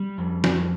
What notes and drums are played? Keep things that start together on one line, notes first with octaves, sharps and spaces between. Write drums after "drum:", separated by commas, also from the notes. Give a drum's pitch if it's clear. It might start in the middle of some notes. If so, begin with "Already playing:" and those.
Already playing: G3
F2
F2, drum: snare